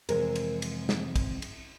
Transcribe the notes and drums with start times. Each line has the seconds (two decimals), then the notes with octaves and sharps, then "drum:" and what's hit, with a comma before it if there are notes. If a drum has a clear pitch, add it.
0.09 F2 C3 E3 G#3 C4 A#4, drum: cymbal
0.36 drum: cymbal
0.62 drum: cymbal
0.89 drum: snare
1.16 drum: kick, cymbal
1.42 drum: cymbal